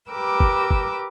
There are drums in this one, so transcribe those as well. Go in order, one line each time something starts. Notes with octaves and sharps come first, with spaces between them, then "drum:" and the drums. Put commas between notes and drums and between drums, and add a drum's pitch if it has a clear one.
G4 A#4 B4 D6 E6
drum: kick
drum: kick